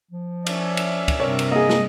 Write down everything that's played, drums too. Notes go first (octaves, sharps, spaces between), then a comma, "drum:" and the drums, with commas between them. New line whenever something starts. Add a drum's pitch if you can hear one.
F3
C#4 D5 E5, drum: cymbal
drum: cymbal
drum: kick, cymbal
G2 C3 A#4 C#5
drum: cymbal
A#3 G#4 D#5
drum: snare